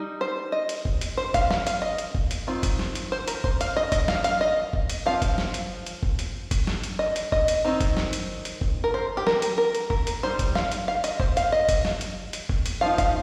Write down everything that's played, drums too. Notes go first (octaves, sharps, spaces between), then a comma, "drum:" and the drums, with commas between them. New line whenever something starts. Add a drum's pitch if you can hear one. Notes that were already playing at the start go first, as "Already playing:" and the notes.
Already playing: G3 D#4
C5
D#5
drum: hi-hat
drum: kick
drum: hi-hat
C5
F5, drum: kick, hi-hat
F5, drum: snare
F5, drum: hi-hat
D#5
drum: hi-hat
drum: kick
drum: hi-hat
D#3 C4 F4
drum: kick, hi-hat
drum: snare
drum: hi-hat
C5
A#4, drum: hi-hat
C5, drum: kick
F5, drum: hi-hat
D#5
D#5, drum: kick, hi-hat
F5, drum: snare
F5, drum: hi-hat
D#5
drum: kick
drum: hi-hat
F3 C4 F4 F5
drum: kick, hi-hat
drum: snare
drum: hi-hat
drum: hi-hat
drum: kick
drum: hi-hat
drum: kick, hi-hat
drum: snare
drum: hi-hat
D#5
drum: hi-hat
D#5, drum: kick
drum: hi-hat
D#3 C4 D#4
drum: kick, hi-hat
drum: snare
drum: hi-hat
drum: hi-hat
drum: kick
A#4
C5
G4
A#4, drum: snare
drum: hi-hat
A#4
drum: hi-hat
A#4, drum: kick
drum: hi-hat
G3 D#4 C5
drum: kick, hi-hat
F5, drum: snare
drum: hi-hat
F5
D#5, drum: hi-hat
C5, drum: kick
F5, drum: hi-hat
D#5
drum: kick, hi-hat
drum: snare
drum: hi-hat
drum: hi-hat
drum: kick
drum: hi-hat
F3 D#4 F5
F5, drum: kick, hi-hat